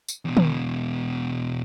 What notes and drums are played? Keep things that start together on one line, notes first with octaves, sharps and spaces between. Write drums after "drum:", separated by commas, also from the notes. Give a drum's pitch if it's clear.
drum: tambourine
E2 B2
drum: tom